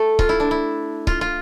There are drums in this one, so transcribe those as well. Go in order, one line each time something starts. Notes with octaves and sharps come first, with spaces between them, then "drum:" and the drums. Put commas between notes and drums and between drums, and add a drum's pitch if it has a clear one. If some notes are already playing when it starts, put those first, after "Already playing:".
Already playing: A3
F4, drum: kick C#1
E4
D4
E4
F4, drum: kick C#1
F4